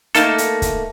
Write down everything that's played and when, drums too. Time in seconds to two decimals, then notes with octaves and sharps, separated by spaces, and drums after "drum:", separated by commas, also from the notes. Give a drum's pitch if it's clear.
0.15 A3 A#3 D#4 A4 A5, drum: hi-hat
0.38 drum: hi-hat
0.62 drum: kick, hi-hat